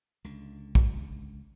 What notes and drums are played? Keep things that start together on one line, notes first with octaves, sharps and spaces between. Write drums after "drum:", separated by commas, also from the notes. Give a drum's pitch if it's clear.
C#2 D3
drum: kick